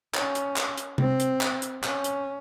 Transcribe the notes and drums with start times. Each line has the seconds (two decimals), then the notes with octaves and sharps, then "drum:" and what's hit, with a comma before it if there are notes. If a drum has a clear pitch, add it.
0.14 C#4, drum: clap
0.35 drum: hi-hat
0.56 drum: clap
0.77 drum: hi-hat
0.98 C4, drum: tom C3
1.20 drum: hi-hat
1.41 drum: clap
1.62 drum: hi-hat
1.84 C#4, drum: clap
2.04 drum: hi-hat